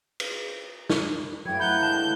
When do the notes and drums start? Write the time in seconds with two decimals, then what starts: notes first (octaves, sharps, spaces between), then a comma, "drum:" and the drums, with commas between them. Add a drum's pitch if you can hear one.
0.20 drum: cymbal
0.90 drum: snare
1.45 F#2 A2 F#3 F4 B4 G5 G#6
1.60 F#5 A#5 B5 F#6 G6
1.82 D2 G#3 A5 F#6
1.98 F#3